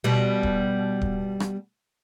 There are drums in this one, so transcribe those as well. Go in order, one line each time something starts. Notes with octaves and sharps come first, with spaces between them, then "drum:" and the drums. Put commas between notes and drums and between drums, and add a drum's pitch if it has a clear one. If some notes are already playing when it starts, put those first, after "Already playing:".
B2 G3
drum: kick D1
drum: kick D1
drum: rim click